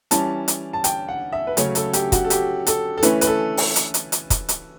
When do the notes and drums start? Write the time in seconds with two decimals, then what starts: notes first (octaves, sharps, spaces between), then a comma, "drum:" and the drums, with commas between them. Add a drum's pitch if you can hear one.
0.11 E3 G3 C#4 A5, drum: hi-hat
0.48 drum: hi-hat
0.73 A5
0.84 G5, drum: hi-hat
1.08 F#5
1.33 E5
1.47 B4
1.57 C#3 F#3 A3 C#4 C#5, drum: hi-hat
1.75 A4, drum: hi-hat
1.93 G4, drum: hi-hat
2.12 F#4, drum: kick, hi-hat
2.25 A4
2.30 G4, drum: hi-hat
2.67 A4, drum: hi-hat
2.98 A4
3.03 E3 A3 C#4 B4, drum: hi-hat
3.21 B4, drum: hi-hat
3.27 A4
3.57 drum: open hi-hat
3.76 drum: hi-hat
3.94 drum: hi-hat
4.12 drum: hi-hat
4.30 drum: kick, hi-hat
4.49 drum: hi-hat